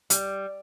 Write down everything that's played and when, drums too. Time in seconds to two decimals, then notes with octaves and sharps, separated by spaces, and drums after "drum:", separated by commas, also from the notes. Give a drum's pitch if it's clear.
0.10 G3, drum: hi-hat